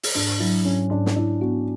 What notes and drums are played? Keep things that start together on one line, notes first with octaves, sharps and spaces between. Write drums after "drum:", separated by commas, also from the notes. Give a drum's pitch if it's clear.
drum: open hi-hat
G#2 D4
F#3 E4
G#2 C#4
G#2 D4
drum: snare
D4 E4
B3 F#4